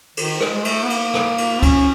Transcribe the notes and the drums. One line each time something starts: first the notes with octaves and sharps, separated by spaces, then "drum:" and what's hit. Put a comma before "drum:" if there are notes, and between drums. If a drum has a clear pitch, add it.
D#3, drum: cymbal
G#3, drum: rim click
G#3
A3, drum: cymbal
B3
A#3, drum: cymbal
drum: rim click
drum: cymbal
C#4, drum: kick C#2, cymbal